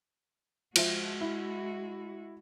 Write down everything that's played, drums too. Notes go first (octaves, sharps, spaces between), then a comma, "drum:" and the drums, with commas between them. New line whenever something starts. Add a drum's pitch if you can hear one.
F3 G#3 F4 F#4 E5, drum: cymbal
E4